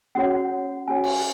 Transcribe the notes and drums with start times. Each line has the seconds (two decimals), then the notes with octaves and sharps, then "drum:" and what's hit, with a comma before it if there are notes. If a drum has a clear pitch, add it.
0.15 C#4 F#4 C#5 F#5
0.88 C#4 F#4 C#5 G#5
1.04 drum: cymbal